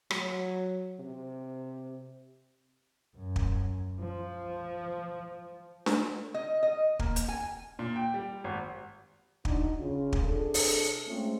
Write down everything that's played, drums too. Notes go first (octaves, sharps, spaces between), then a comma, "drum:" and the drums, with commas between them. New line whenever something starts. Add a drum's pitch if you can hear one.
F#3, drum: rim click
C3
F#2
drum: kick
F3
drum: snare D4
D#5
D#5
A#3, drum: kick
drum: hi-hat
G#5
A#2
G5
G3
G#1
D4 D#4 F#4, drum: kick
C#3 F4
drum: kick
C3 D4 G#4 A4
drum: open hi-hat
G#3 A3 C4 C#4 F4